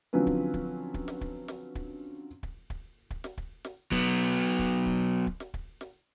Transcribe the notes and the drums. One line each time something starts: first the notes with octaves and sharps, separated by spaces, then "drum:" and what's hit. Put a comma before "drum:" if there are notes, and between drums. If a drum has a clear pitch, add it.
D3 F3 F#3 C4 C#4 B4
drum: kick
drum: kick
drum: kick
drum: snare
drum: kick
drum: snare
drum: kick
drum: kick
drum: kick
drum: kick
drum: snare
drum: kick
drum: snare
F#3 B3, drum: kick
drum: kick
drum: kick
drum: kick
drum: snare
drum: kick
drum: snare